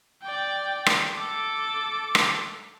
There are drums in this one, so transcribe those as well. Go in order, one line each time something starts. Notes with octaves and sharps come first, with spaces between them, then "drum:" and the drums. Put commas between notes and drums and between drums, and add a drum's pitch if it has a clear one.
D5 G5
drum: rim click
A4 D6
drum: rim click